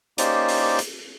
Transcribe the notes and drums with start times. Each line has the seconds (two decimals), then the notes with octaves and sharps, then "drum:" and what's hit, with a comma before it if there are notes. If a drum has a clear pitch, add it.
0.18 A#3 C#4 D#4 G4 C5 D5, drum: hi-hat
0.48 drum: open hi-hat
0.79 drum: hi-hat